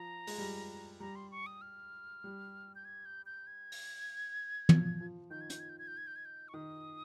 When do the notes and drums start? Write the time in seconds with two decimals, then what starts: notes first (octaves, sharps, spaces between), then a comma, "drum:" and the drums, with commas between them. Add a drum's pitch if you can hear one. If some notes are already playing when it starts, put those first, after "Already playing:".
Already playing: F3 A#5
0.27 G#3, drum: open hi-hat
0.38 G3
1.00 G3 A#5
1.15 C6
1.31 C#6
1.46 D#6
1.61 F6
2.24 G3
2.75 G6
2.85 G#6
3.05 G6
3.26 G6
3.47 G#6
3.72 drum: open hi-hat
4.69 F3, drum: tom
5.01 F3
5.30 D#3 G6
5.41 G#6
5.50 G6, drum: hi-hat
5.59 G#6
5.69 G6
5.79 G#6
5.87 G6
5.97 G#6
6.07 G6
6.16 G#6
6.25 G6
6.48 C#6
6.54 D#3 D#6